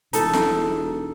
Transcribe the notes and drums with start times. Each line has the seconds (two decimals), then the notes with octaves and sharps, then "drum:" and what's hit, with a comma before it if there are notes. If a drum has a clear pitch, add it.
0.13 E1 D#4 A4, drum: hi-hat
0.33 drum: snare